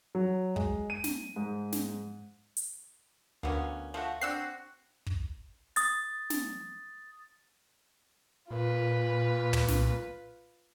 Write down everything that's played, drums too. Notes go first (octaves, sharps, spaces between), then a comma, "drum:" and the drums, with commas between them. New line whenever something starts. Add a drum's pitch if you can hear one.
F#3
G#3, drum: kick
D#7
drum: snare
G#2
drum: snare
drum: hi-hat
D2 A#3 B3 C#4
F3 A3 F#4
C4 D4 F#4 E6 F#6 C7
drum: kick
D#6 A6, drum: hi-hat
drum: snare
A#2 F4 B4
drum: tom
drum: snare